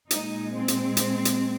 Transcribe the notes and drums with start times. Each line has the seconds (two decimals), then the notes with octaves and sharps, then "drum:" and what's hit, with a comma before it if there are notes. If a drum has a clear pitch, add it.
0.11 A#2 G#3 D#4, drum: hi-hat
0.54 C4
0.68 drum: hi-hat
0.97 drum: hi-hat
1.25 drum: hi-hat